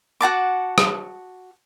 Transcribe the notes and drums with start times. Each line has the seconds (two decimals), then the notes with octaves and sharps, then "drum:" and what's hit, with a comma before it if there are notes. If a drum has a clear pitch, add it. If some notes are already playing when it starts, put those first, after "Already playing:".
0.21 F#4 F#5 A5 D6
0.78 drum: rim click